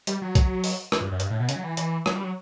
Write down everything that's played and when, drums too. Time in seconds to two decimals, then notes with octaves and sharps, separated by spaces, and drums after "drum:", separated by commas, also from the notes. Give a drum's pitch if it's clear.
0.07 G3, drum: hi-hat
0.22 F#3
0.35 drum: kick G#1, hi-hat
0.64 drum: open hi-hat
0.92 E3, drum: rim click
1.01 G2
1.12 F#2
1.20 G2, drum: hi-hat
1.30 A2
1.40 B2
1.49 C#3, drum: hi-hat
1.56 F#3
1.63 E3
1.77 E3, drum: hi-hat
2.06 F#3, drum: rim click
2.15 G3
2.24 F#3